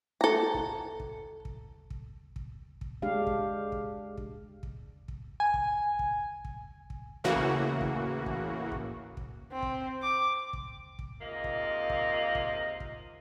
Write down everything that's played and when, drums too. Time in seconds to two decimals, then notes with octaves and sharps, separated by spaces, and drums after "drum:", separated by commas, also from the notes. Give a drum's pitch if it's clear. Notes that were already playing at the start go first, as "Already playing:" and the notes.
0.21 A4 A#5
0.54 drum: kick
1.00 drum: kick
1.45 drum: kick
1.90 drum: kick
2.36 drum: kick
2.81 drum: kick
3.02 G#3 D4 G4 F5
3.27 drum: kick
3.72 drum: kick
4.18 drum: kick
4.63 drum: kick
5.08 drum: kick
5.40 G#5
5.54 drum: kick
5.99 drum: kick
6.45 drum: kick
6.90 drum: kick
7.24 A2 C#3 E3 A#3 F#4
7.35 drum: kick
7.81 drum: kick
8.26 drum: kick
8.72 drum: kick
9.17 drum: kick
9.52 C4
9.62 drum: kick
10.03 D6
10.53 drum: kick
10.99 drum: kick
11.21 G#2 C3 A#3 F4 D#5
11.44 drum: kick
11.90 drum: kick
12.35 drum: kick
12.80 drum: kick